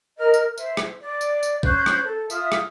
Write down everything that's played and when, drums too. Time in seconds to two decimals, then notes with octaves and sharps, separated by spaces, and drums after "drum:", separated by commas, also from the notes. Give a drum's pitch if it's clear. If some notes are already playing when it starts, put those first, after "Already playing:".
0.18 A#4 D#5 F6
0.34 drum: tambourine
0.58 C5 E5, drum: tambourine
0.77 drum: rim click
1.03 D5
1.21 drum: tambourine
1.43 drum: tambourine
1.63 C#4 C5 F#6 G6, drum: kick
1.86 drum: rim click
2.05 A4
2.30 F4 E5 D#6, drum: tambourine
2.52 drum: rim click